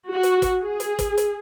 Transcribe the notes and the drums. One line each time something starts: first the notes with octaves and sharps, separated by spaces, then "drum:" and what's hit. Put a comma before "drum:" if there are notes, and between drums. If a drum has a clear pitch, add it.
F#4
drum: hi-hat
drum: kick, hi-hat
G#4
drum: hi-hat
drum: kick, hi-hat
drum: hi-hat